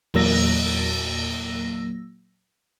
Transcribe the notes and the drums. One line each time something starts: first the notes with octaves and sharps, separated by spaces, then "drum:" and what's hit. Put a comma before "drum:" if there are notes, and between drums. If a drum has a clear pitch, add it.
E2 A#2 F#3 A#3 E6 A#6, drum: cymbal